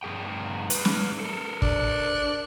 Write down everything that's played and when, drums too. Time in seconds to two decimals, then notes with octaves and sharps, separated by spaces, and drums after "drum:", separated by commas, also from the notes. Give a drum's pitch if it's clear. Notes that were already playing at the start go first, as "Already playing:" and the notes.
0.03 G2 G#4 G5
0.70 G#4 B4, drum: hi-hat
0.85 drum: snare
1.20 A4 A#4
1.62 D4, drum: kick